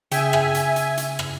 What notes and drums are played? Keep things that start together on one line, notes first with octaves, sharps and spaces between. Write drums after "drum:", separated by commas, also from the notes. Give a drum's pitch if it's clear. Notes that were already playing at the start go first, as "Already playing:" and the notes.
C#3 G#4 E5 G5 G#5, drum: hi-hat
drum: rim click
drum: hi-hat
drum: hi-hat
drum: hi-hat
drum: rim click